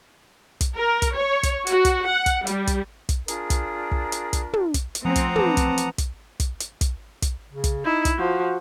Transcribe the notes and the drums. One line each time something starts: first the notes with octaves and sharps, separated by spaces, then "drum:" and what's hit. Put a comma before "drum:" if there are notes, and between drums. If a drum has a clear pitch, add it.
drum: kick, hi-hat
A#4
drum: kick, hi-hat
C#5
drum: kick, hi-hat
F#4, drum: hi-hat
drum: kick, hi-hat
F#5
drum: kick, hi-hat
G3, drum: hi-hat
drum: kick, hi-hat
drum: kick, hi-hat
D4 F4 G#4 A#4, drum: hi-hat
drum: kick, hi-hat
drum: kick
drum: hi-hat
drum: kick, hi-hat
drum: tom
drum: kick, hi-hat
drum: hi-hat
F3 A3 C4 F#5 G#5 A#5 D#6
drum: kick, hi-hat
E3 B4 A5 D6, drum: tom
drum: kick, hi-hat
drum: hi-hat
drum: kick, hi-hat
drum: kick, hi-hat
drum: hi-hat
drum: kick, hi-hat
drum: kick, hi-hat
C#3
drum: kick, hi-hat
D#4 E4
drum: kick, hi-hat
F3 F#4